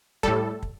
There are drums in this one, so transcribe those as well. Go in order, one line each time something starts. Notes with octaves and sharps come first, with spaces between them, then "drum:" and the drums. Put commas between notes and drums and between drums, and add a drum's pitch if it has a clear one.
A2 G3 A4, drum: kick
drum: kick